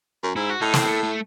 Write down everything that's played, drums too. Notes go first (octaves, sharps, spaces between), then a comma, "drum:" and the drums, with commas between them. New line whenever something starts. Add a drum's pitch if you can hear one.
F#2
G#2 E4
F#4
A2 D#4
C4, drum: snare
A3
A3